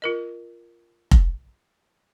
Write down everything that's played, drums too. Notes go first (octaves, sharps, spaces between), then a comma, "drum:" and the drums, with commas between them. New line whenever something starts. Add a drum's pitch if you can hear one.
F4 A#4 D#5
drum: kick F1